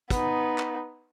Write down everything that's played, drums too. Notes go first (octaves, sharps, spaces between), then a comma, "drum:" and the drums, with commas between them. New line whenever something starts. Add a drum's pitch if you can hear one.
B3 D#4, drum: kick, hi-hat
drum: clap